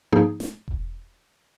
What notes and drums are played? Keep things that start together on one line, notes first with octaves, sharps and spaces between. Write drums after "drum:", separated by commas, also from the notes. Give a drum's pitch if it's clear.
G#2 F3 A#3 D#4 G#4
drum: snare
drum: kick E1